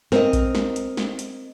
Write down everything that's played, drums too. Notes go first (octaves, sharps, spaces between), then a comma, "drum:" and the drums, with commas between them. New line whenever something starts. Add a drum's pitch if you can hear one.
C4 A#4 D#5, drum: snare
drum: kick A#1, hi-hat
drum: snare
drum: hi-hat
drum: snare
drum: hi-hat